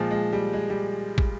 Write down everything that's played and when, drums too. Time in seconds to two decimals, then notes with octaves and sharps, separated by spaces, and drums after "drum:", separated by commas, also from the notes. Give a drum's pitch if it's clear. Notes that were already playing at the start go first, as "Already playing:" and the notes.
Already playing: A#2 F3 G#3
0.11 G#3
0.33 G3
0.53 G#3
0.70 G3
1.18 drum: kick